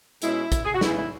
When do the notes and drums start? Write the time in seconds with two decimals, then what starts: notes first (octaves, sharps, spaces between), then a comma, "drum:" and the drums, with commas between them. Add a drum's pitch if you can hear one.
0.22 B2 G#3 C#4 E4, drum: hi-hat
0.52 drum: kick, hi-hat
0.64 G#4
0.73 F#4
0.81 C#3 E3 B3 E4, drum: snare
0.97 E4